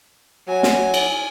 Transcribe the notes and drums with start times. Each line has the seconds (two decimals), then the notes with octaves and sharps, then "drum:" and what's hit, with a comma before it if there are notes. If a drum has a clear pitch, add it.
0.48 F#3 G#5
0.63 drum: snare
0.94 drum: cymbal